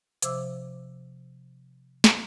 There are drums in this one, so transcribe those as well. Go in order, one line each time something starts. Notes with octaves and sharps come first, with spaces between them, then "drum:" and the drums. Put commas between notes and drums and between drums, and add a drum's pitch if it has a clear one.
C3 F3 C5 E5 D6 E6, drum: hi-hat
drum: snare